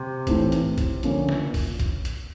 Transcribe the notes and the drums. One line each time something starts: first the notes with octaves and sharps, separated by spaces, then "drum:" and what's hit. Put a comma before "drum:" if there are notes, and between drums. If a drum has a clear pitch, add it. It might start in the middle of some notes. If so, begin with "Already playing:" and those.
Already playing: C3
A2 E3 A3 C4, drum: kick, hi-hat
drum: hi-hat
drum: kick, hi-hat
D3 F3 A#3 C#4, drum: hi-hat
drum: snare
drum: kick, open hi-hat
drum: kick, hi-hat
drum: hi-hat